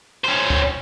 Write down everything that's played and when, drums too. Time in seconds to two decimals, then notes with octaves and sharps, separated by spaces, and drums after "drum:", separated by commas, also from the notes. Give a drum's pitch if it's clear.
0.24 C#4 C5
0.50 drum: kick